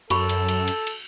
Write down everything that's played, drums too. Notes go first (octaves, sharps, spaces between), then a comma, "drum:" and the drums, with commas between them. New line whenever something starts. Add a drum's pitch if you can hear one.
F#2 F#4 A4 B5 C#6, drum: cymbal
drum: cymbal
drum: cymbal
drum: cymbal
drum: cymbal